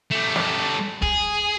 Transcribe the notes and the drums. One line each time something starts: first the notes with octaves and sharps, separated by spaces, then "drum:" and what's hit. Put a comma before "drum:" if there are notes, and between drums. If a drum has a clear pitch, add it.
A3 G4
drum: snare
G#4, drum: kick